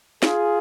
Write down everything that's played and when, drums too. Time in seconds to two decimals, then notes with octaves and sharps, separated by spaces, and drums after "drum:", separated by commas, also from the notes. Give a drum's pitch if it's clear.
0.23 F4 G#4, drum: snare